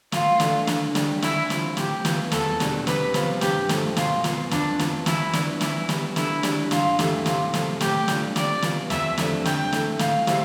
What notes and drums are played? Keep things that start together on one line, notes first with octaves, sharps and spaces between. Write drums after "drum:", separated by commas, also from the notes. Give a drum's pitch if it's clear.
A2 F4, drum: snare
E3 A3 D4, drum: snare
D3, drum: snare
G3 D4 G4, drum: snare
D3 E4, drum: snare
F3 C4 F4, drum: snare
A2 G4, drum: snare
E3 B3 F4, drum: snare
E2 A4, drum: snare
B2 G3 D4, drum: snare
C3 B4, drum: snare
F3 B3 F4, drum: snare
G2 G4, drum: snare
F3 A3, drum: snare
B2 F4, drum: snare
B3 F4, drum: snare
F2 D4, drum: snare
E3 B3 F4, drum: snare
E3 E4, drum: snare
B3 D4, drum: snare
E3 E4, drum: snare
G3 B3, drum: snare
D3 E4, drum: snare
G3 D4, drum: snare
G2 F4, drum: snare
E3 A3 E4 G4, drum: snare
C3 F4, drum: snare
F3 A3, drum: snare
A2 G4, drum: snare
G3 D4 F4, drum: snare
C3 D5, drum: snare
E3 B3 F4, drum: snare
F2 E5, drum: snare
C3 F3 A3 D4, drum: snare
D3 G5, drum: snare
A3 E4, drum: snare
A2 F5, drum: snare
G3 C4 E4, drum: snare